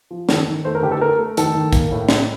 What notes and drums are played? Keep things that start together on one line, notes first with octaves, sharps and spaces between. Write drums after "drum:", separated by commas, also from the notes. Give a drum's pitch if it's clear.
F3
D#3 A4, drum: snare
D#3
A3 C5
A#4
D3 G4
A4
A3 A#4
A3
D#3 A4, drum: hi-hat
D#3
A#3, drum: kick, hi-hat
A2
D#4, drum: snare